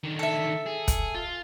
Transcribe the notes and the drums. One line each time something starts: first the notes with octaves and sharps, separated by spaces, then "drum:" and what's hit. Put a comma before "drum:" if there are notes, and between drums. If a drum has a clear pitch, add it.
D3 D#3
A4 E5
G#4
drum: kick, hi-hat
F4